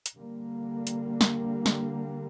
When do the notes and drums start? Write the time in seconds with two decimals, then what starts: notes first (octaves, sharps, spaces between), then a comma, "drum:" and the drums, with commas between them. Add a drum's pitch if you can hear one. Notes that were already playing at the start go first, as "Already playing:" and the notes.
0.06 drum: hi-hat
0.16 D3 G3 A#3
0.87 drum: hi-hat
1.21 drum: snare
1.66 drum: snare